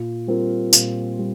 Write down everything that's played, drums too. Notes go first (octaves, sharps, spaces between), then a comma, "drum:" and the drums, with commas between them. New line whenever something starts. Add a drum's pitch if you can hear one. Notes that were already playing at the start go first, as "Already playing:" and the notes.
Already playing: A#2
G3 C4 F4 A#4
A#2, drum: tambourine
G3